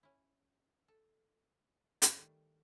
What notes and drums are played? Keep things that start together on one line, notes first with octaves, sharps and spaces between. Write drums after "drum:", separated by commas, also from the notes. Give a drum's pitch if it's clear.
C#4 E4
A4
drum: hi-hat
D#3 G3 A3